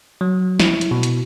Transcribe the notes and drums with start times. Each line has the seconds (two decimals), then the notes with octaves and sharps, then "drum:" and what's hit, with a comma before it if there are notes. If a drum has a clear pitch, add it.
0.21 F#3
0.59 E4, drum: snare
0.81 drum: hi-hat
0.91 B2
1.03 drum: hi-hat